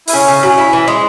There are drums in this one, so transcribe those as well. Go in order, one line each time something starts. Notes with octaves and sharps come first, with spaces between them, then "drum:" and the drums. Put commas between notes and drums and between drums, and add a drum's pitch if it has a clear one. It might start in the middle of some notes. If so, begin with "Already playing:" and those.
E4, drum: open hi-hat
C#3 C#4
C#3
F#3
E4
E3
G#3